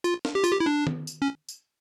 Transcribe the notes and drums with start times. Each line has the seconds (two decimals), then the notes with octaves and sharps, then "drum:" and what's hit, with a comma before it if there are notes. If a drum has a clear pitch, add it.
0.04 F4, drum: tambourine
0.25 drum: snare
0.35 G4
0.44 F4, drum: tambourine
0.52 G4
0.60 E4
0.66 D4
0.87 drum: tom D#3
1.07 drum: tambourine
1.22 C#4
1.49 drum: tambourine